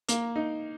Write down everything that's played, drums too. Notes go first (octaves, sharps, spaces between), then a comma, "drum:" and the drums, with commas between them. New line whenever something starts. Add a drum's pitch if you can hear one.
A#3, drum: hi-hat
D#4